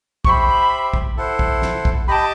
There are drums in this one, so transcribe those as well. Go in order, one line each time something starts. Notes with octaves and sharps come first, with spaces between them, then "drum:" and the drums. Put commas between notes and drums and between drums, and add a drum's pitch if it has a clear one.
G4 C5 E5 G5 B5 C#6, drum: kick
drum: kick
E4 A4 C5 F#5
drum: kick
drum: snare
drum: kick
G4 D#5 G5 A5 B5